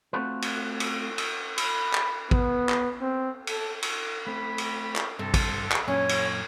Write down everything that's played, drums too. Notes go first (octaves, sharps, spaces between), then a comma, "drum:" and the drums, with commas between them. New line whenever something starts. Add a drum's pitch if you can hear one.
A3 C4 F4 F#4 A4 B4
drum: cymbal
drum: cymbal
drum: cymbal
B5, drum: cymbal
drum: clap
B3, drum: kick
drum: clap
C4
A4, drum: cymbal
drum: cymbal
A3 C4 B5
drum: cymbal
drum: clap
G2 C3 A4
drum: kick, cymbal
drum: clap
F#2 A#2 C#4 C#5 G#5
drum: cymbal